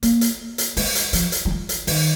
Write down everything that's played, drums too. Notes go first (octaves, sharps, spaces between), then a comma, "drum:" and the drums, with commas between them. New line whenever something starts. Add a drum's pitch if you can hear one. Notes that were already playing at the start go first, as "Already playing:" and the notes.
A#3, drum: hi-hat
drum: hi-hat
drum: hi-hat
G#3, drum: open hi-hat
drum: hi-hat
F3, drum: hi-hat
drum: hi-hat
F#3
F3
drum: hi-hat
D#3, drum: open hi-hat